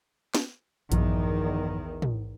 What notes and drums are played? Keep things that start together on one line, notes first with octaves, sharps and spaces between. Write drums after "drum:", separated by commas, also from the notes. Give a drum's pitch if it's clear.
drum: snare
A#1 E2 G2 D#3 F3, drum: hi-hat
drum: tom